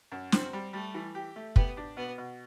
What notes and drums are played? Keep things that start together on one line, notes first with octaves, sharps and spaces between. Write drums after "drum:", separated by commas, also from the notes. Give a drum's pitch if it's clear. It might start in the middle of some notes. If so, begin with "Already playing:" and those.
F#2
C4 F#4, drum: snare
G3
G3 A3
E3
G4
A3
B3 G4, drum: kick
D4
B2 B3
B2